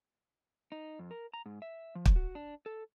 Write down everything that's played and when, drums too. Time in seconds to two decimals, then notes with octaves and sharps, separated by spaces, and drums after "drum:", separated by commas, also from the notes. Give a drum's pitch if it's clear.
0.72 D#4
0.99 F2
1.11 A#4
1.34 A#5
1.46 G#2
1.62 E5
1.95 F3
2.05 drum: kick
2.16 F#4
2.35 D4
2.66 A4